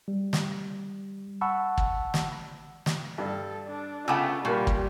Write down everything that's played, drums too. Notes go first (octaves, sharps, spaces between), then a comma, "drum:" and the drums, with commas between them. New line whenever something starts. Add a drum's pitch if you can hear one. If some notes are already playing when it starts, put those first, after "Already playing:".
G3
drum: snare
F#5 A5 B5 C#6 E6
drum: kick
drum: snare
drum: snare
G2 A4
D4
C#3 A3 B3 F4 G5 D6 E6
A#2 G3 A#4 B5 C#6
drum: kick